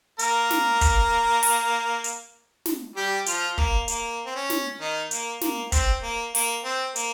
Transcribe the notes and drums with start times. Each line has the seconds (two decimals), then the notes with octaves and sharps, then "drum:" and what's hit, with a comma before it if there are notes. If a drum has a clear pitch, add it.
0.19 A#3 A#4, drum: hi-hat
0.51 drum: snare
0.81 drum: kick, hi-hat
1.43 drum: open hi-hat
2.04 drum: hi-hat
2.66 drum: snare
2.96 G3 G4
3.26 F3 F4, drum: hi-hat
3.58 A#3, drum: kick
3.88 A#3, drum: hi-hat
4.26 C4
4.35 C#4
4.50 drum: snare
4.80 D#3 D#4
5.11 A#3, drum: hi-hat
5.41 A#3, drum: snare
5.72 C4, drum: kick, hi-hat
6.03 A#3
6.35 A#3, drum: open hi-hat
6.64 C4
6.96 A#3, drum: hi-hat